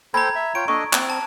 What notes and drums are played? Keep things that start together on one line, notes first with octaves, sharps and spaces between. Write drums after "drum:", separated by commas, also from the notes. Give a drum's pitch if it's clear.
A4 C5 G5 A#5 B5 G#6
E5
F4 C#5 G5 D7
D4 A4 D#5 C#6
C4 D6, drum: clap
A5